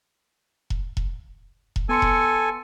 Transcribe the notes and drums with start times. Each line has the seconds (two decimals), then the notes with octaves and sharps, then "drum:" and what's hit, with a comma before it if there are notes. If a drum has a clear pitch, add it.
0.70 drum: kick E1
0.97 drum: kick E1
1.76 drum: kick E1
1.89 B3 A4 G#5 C6 C#7
2.02 drum: kick E1